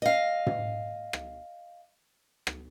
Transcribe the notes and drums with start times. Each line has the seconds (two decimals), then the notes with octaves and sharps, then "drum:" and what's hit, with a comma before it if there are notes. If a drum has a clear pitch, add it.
0.02 D#5 F5
0.47 drum: tom
1.13 drum: rim click
2.47 drum: rim click